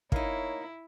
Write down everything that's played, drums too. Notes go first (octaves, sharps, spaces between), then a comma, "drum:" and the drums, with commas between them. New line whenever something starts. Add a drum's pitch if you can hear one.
A#3 D#4 E4 C#5, drum: kick